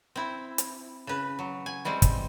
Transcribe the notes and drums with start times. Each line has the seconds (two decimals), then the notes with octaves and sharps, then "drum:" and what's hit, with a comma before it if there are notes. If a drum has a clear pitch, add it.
0.16 C4 E4
0.58 drum: hi-hat
1.07 C#3 B4
1.39 F#3
1.66 G#5
1.85 E3 G3 G#3 C4
2.02 drum: kick, hi-hat